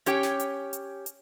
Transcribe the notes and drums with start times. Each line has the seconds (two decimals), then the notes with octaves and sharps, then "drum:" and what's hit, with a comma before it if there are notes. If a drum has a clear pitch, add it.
0.06 C#4 G4 C#5 G5, drum: hi-hat
0.23 drum: snare
0.40 drum: hi-hat
0.73 drum: hi-hat
1.06 drum: hi-hat